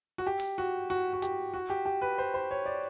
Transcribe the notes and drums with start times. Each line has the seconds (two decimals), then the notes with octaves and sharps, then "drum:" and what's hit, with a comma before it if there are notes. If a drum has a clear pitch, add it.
0.18 F#4
0.26 G4
0.40 drum: open hi-hat
0.58 F#4
0.90 F#4
1.13 F#4
1.22 G4, drum: hi-hat
1.54 F#4
1.70 G4
1.86 G4
2.02 B4
2.18 C5
2.34 C5
2.51 C#5
2.66 D5